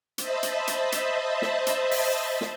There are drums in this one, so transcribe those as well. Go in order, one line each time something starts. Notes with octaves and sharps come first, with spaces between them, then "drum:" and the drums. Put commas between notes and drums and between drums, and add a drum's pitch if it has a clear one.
C5 D#5 E5 A5 B5, drum: hi-hat
drum: hi-hat
drum: hi-hat
drum: hi-hat
drum: snare
drum: hi-hat
drum: open hi-hat
drum: snare